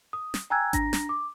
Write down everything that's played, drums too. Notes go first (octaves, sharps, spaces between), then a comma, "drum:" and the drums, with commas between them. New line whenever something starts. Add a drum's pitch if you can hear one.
D#6
drum: snare
G5 G#5 A#5 E6 F#6 G#6
D4 A#5 A#6, drum: kick G#1, hi-hat
drum: snare
D6